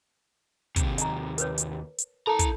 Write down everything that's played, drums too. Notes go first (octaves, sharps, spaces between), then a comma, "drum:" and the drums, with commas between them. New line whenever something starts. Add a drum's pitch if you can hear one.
D#2 C3, drum: kick, hi-hat
D#5 A#5, drum: hi-hat
A#4 B4 C#5, drum: hi-hat
drum: hi-hat
drum: hi-hat
E4 A4 A#4 A5 A#5
drum: kick, hi-hat